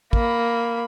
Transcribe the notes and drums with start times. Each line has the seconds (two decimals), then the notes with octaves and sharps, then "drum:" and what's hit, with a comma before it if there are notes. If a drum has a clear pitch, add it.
0.13 A#3 B5, drum: kick